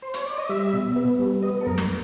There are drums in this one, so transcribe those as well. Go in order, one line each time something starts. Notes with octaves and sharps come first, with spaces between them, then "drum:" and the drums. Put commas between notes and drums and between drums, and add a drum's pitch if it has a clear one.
C5
C#5, drum: hi-hat
D5
D#5
G3 E5
B2
B3
G3
B3 D#5
A4
F#2 A#4
drum: snare